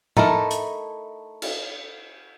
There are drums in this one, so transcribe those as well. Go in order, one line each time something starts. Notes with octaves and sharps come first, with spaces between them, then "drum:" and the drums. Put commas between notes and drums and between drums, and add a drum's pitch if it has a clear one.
A3 D#4 E4 A4 A#4, drum: tom G#2
drum: hi-hat
drum: cymbal